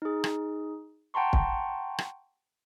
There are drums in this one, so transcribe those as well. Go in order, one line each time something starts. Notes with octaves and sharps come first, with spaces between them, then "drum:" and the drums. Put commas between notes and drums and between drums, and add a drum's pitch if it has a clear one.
D#4 G#4
drum: rim click
F#5 G5 A5 A#5 C6 C#6
drum: kick
drum: rim click